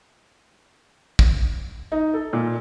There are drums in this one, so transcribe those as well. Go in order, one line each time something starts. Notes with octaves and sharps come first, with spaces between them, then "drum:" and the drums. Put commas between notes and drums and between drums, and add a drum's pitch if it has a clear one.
drum: kick
D#4
A4
A#2